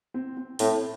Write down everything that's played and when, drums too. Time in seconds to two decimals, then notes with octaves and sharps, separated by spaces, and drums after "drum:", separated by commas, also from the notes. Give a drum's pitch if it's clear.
0.14 C4
0.37 C4
0.59 A2 C4, drum: open hi-hat